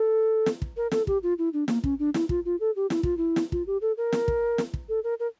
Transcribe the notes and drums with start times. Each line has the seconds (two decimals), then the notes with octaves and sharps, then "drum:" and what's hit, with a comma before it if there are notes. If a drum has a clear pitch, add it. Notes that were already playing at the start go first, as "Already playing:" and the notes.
Already playing: A4
0.46 drum: snare
0.62 drum: kick
0.77 A#4
0.92 A4, drum: snare
1.07 G4, drum: kick
1.23 F4
1.38 E4
1.53 D4
1.68 A#3, drum: snare
1.84 C#4, drum: kick
1.99 D4
2.14 E4, drum: snare
2.29 F4, drum: kick
2.45 F4
2.60 A4
2.76 G4
2.90 E4, drum: snare
3.03 F4, drum: kick
3.17 E4
3.36 drum: snare
3.52 F4, drum: kick
3.67 G4
3.81 A4
3.97 A#4
4.13 drum: snare
4.28 drum: kick
4.58 drum: snare
4.74 drum: kick
4.89 A4
5.04 A#4
5.20 A#4